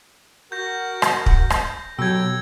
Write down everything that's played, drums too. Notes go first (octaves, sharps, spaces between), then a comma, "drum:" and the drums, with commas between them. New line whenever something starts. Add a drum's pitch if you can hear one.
F#4 A#4 G6 A#6
drum: rim click
drum: kick
drum: rim click
B2 F#3 G4 A4 G5 E6 G#6